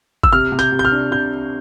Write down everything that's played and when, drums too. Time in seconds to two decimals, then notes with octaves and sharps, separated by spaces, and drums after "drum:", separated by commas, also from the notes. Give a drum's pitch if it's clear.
0.23 E6, drum: kick G1
0.32 C3 F6
0.52 C3
0.59 G6, drum: hi-hat
0.72 C3
0.79 G6
0.85 F6
0.92 D4
1.11 C3 G6